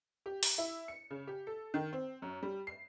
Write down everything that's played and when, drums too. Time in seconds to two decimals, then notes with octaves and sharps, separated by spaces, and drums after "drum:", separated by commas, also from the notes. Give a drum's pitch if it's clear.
0.26 G4
0.43 drum: open hi-hat
0.58 E4
0.88 C#7
1.10 C#3
1.27 G4
1.47 A4
1.74 D#3
1.93 C4
2.22 F#2
2.43 G3
2.67 C7